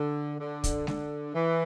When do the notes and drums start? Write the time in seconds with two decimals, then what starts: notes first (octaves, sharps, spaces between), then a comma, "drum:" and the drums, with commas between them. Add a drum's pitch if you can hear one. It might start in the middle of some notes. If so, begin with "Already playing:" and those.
Already playing: D3
0.40 D3
0.64 drum: kick, hi-hat
0.87 D3, drum: snare
1.35 E3